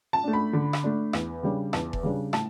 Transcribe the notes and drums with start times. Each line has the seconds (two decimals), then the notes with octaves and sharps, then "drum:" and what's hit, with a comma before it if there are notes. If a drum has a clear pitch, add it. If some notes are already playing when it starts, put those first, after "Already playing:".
0.13 A5
0.23 A3 D4
0.33 B5
0.53 D3
0.73 drum: rim click
0.83 A3 D4
1.13 E2, drum: rim click
1.43 C#3 G3 D4
1.73 E2 A5, drum: rim click
1.93 drum: kick F1
2.03 C#3 G3 D4
2.33 A2 A5, drum: rim click